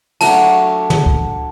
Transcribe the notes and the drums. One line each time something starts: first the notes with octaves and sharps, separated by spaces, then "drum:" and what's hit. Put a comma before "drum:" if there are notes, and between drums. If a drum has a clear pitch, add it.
F#3 A3 D4 F#4 A5, drum: cymbal
drum: tom
drum: kick